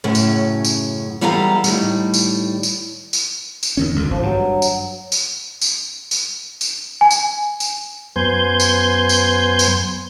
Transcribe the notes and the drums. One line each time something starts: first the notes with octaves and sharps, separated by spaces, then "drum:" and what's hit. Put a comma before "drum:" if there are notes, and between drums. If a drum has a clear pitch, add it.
F#2 A2 C#3 C#4
drum: tambourine
drum: tambourine
E3 G3 B3 A4 F5 A#5
A2 D#3 G3, drum: tambourine
drum: tambourine
drum: tambourine
drum: tambourine
drum: tambourine
E2 D#3 C#4
C#2 D3
G#1 F3
G2 F#3
drum: tambourine
drum: tambourine
drum: tambourine
drum: tambourine
drum: tambourine
G#5
drum: tambourine
drum: tambourine
F#2 B3 C5 G#5 G6
drum: tambourine
drum: tambourine
drum: tambourine